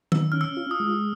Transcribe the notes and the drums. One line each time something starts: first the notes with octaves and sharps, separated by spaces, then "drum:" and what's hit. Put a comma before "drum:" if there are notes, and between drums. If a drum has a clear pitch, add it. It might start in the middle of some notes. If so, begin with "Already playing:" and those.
D#3 E6, drum: tom E3
C#4 F6
E6
F4
D#6
G#3